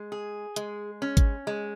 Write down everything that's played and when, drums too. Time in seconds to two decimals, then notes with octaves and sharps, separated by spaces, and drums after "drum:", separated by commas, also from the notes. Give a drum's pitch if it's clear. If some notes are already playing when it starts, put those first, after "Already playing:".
Already playing: G#3
0.12 G#4
0.56 G#3, drum: hi-hat
1.02 C#4
1.17 drum: kick G#1, hi-hat
1.47 G#3